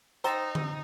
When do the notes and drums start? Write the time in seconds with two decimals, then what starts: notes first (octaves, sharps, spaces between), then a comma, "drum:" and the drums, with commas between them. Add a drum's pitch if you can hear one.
0.24 D#4 C5 G5 A#5 E6 A6 A#6, drum: hi-hat
0.55 drum: tom D3